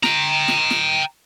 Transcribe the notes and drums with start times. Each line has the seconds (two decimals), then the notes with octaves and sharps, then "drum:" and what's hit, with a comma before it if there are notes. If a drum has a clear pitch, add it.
0.03 G5 A#5, drum: snare
0.48 drum: snare
0.70 drum: snare